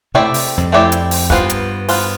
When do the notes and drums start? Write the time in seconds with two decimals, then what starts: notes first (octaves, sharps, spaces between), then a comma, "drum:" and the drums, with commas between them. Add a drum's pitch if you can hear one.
0.14 C3 A3 C4 E4 G4 D5
0.34 drum: open hi-hat
0.58 F2
0.72 A3 C4 E4 G4 D5
0.92 drum: hi-hat
1.11 drum: open hi-hat
1.30 G2 B3 F4 C5, drum: kick
1.50 drum: hi-hat
1.88 B3 F4 C5, drum: open hi-hat